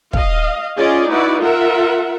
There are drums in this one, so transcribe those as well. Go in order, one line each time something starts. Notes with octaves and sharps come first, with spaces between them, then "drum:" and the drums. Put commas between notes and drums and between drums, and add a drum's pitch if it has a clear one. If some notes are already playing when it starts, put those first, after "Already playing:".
D#5 F5, drum: kick
C#4 F4 G#4 D5 D#5
D#4 E4 F#4 B4 D5
F4 A#4 E5 F#5